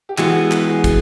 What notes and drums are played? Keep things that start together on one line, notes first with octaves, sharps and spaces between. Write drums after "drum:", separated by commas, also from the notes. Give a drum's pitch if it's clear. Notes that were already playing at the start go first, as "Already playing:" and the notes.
G4
E3 G#3 B3 F#4 G#4, drum: clap
drum: clap
F#4 G#4
drum: kick, hi-hat